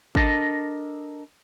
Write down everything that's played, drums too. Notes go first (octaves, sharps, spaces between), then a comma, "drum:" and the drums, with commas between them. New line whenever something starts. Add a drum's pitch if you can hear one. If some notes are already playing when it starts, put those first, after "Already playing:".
D4 A4 A#4 D#5 A5, drum: kick